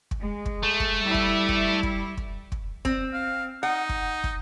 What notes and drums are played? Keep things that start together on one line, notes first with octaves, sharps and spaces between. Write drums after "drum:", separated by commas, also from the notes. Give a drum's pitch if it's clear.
drum: kick
G#3
drum: kick
A3
drum: kick
G3 E4
drum: kick
drum: kick
drum: kick
drum: kick
drum: kick
C4, drum: kick
F5
D#4 F#5
drum: kick
drum: kick